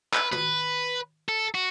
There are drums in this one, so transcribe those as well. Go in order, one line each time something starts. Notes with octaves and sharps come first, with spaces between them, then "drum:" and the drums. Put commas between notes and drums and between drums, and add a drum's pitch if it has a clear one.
B4, drum: clap
B4, drum: tom
A4
F#4